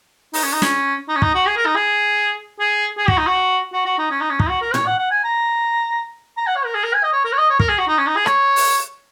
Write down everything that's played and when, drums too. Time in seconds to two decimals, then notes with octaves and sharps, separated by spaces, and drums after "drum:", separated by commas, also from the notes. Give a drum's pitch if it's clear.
0.34 D#4, drum: open hi-hat
0.43 C#4
0.52 D#4
0.62 C#4, drum: snare
1.08 D#4
1.16 C#4
1.22 D#4, drum: kick
1.35 F#4
1.46 G#4
1.57 A#4
1.65 D#4
1.75 G#4
2.60 G#4
2.98 G#4
3.08 F#4, drum: kick
3.18 D#4
3.27 F#4
3.73 F#4
3.85 F#4
3.98 D#4
4.11 C#4
4.20 D#4
4.30 C#4
4.40 D#4, drum: kick
4.49 F#4
4.61 A#4
4.74 C#5, drum: tom A2
4.86 F#5
4.98 F#5
5.11 G#5
5.24 A#5
6.37 A#5
6.47 F#5
6.56 C#5
6.65 A#4
6.75 G#4
6.84 A#4
6.93 G#5
7.03 D#5
7.13 C#5
7.24 A#4
7.32 C#5
7.38 D#5
7.50 C#5
7.60 A#4, drum: kick
7.69 G#4
7.78 F#4
7.88 D#4
7.98 C#4
8.06 D#4
8.16 G#4
8.26 C#5, drum: rim click
8.56 drum: open hi-hat